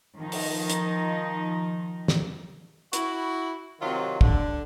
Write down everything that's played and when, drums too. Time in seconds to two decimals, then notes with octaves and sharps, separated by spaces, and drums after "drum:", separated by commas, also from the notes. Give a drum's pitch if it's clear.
0.17 D#3 F3 D#4
0.32 drum: open hi-hat
0.70 drum: hi-hat
2.08 drum: snare
2.93 E4 F#4, drum: hi-hat
3.81 C3 D#3 F#3 F4
4.21 D3, drum: kick